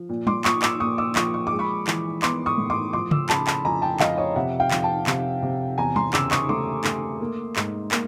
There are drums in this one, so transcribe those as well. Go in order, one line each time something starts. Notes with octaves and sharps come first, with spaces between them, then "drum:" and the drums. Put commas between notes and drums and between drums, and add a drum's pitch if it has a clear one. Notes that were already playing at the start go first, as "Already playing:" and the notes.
Already playing: F3
A#2
C6 D6, drum: tom
A#2 C#6 D#6, drum: clap
D6 E6, drum: clap
A#2 C#6 D#6
D6 E6
F3 C#6 D#6, drum: clap
C#6
G#3 D6
B5 C#6
E3, drum: clap
B3 C6 D6, drum: clap
C#6 D#6
A2
C6 D6
F3 C6 D6
D6 E6, drum: tom C#3
C#3 A5 B5, drum: clap
A5 B5, drum: clap
F2 G#5 A#5
G5 A5
F2 D#5 F5, drum: clap
C#5 D#5
C3 E5 F#5
F5 G5
F2, drum: clap
G5 A5
C3, drum: clap
C3
E2 G#5 A#5
A#5 C6, drum: tom
C#3 D6 E6, drum: clap
C#6 D#6, drum: clap
A3 C6 D6
A3, drum: clap
A#3
G#2, drum: clap
A#3, drum: clap